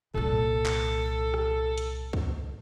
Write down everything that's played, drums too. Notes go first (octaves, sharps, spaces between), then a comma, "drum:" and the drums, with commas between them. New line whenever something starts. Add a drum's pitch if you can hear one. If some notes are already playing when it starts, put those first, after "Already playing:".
C2 A#2 A4, drum: tom F#2
drum: clap
drum: rim click
drum: hi-hat
drum: kick